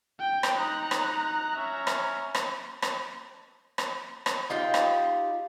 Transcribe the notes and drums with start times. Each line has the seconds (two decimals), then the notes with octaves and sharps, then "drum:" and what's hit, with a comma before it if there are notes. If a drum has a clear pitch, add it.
0.20 G5
0.43 drum: rim click
0.57 D#4 A#5 F#6
0.91 drum: rim click
1.56 C#4 E5 A#5
1.87 drum: rim click
2.35 drum: rim click
2.82 drum: rim click
3.78 drum: rim click
4.26 drum: rim click
4.50 D#4 F4 G4 F5
4.74 drum: rim click